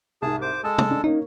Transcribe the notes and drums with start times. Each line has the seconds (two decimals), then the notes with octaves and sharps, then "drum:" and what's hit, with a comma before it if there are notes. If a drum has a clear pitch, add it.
0.22 C2 G#2 G#4 A5
0.42 C5 D6
0.64 G#3 A4 A5 D#6
0.78 drum: tom
0.91 D4
1.04 A#3 C#4 D#4